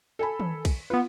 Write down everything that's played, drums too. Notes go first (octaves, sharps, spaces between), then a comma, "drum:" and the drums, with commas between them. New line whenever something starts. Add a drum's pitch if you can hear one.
A4 G#5 B5
drum: tom D#3
drum: kick, cymbal
B3 F4 B4